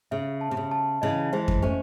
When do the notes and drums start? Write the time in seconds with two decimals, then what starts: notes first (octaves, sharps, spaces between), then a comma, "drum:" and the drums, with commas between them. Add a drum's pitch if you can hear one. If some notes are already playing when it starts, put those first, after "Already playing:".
0.11 C#3 E5
0.41 A5
0.51 C3
0.57 C#3
0.72 A5
1.02 C#3 E3 D#5
1.33 E3 G#3 C5
1.48 drum: kick F2
1.62 A3 C#4 C5